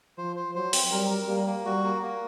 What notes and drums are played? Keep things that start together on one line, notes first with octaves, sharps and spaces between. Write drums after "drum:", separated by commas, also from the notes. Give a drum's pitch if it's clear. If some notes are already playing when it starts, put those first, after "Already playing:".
F3 C5
C5
F#3 C5
C4, drum: open hi-hat
G3 A#4
A#4
G3 A#3
A#3
G3 F#4
A#3
A#3